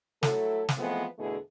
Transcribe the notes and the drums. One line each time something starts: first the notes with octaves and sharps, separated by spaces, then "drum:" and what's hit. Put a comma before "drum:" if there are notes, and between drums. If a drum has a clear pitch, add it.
F#3 A3 E4 A4, drum: snare
drum: snare
E3 F3 G#3 A3 B3 C4
E2 B2 D3 A3 E4 G#4